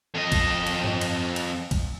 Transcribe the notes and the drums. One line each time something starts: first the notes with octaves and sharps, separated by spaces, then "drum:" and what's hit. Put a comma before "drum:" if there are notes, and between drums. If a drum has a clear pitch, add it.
F2 D#5
drum: kick, cymbal
drum: cymbal
drum: tom G2
drum: cymbal
drum: cymbal
drum: kick, cymbal